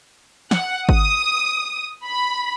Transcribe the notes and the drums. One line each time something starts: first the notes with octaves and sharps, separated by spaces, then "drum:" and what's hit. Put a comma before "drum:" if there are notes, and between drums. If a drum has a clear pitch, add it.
F#5, drum: snare
D#6, drum: kick G#1
B5